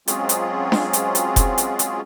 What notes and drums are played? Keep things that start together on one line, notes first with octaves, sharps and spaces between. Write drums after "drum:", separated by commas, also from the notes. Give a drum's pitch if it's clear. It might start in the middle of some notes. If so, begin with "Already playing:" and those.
F#3 G#3 C4 C#4 F4 G#4, drum: hi-hat
drum: hi-hat
drum: snare D4
drum: hi-hat
drum: hi-hat
drum: kick F1, hi-hat
drum: hi-hat
drum: hi-hat